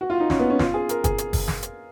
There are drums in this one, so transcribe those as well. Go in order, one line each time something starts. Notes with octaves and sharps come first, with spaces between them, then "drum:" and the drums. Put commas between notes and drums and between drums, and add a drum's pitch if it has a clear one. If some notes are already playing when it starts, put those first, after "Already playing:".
F#4
F4
D#4
C#4, drum: snare
B3
C#4
F4, drum: snare
G#4
A#4, drum: hi-hat
G#4, drum: kick, hi-hat
drum: hi-hat
drum: kick, open hi-hat
drum: snare
drum: hi-hat